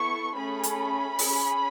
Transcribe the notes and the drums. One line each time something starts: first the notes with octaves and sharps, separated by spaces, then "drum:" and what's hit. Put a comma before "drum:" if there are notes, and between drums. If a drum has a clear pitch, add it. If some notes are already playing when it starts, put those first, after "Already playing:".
Already playing: B3 E4 A4 C#6
A3 C#4 G#4 B5
drum: hi-hat
C#4 G#4, drum: open hi-hat